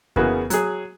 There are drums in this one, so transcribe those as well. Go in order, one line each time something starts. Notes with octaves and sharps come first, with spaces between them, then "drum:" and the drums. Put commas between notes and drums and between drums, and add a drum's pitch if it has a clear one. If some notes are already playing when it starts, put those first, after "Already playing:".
C#3 E3 A#3 B3 F#4 G#4, drum: kick F2
F#3 G#4, drum: hi-hat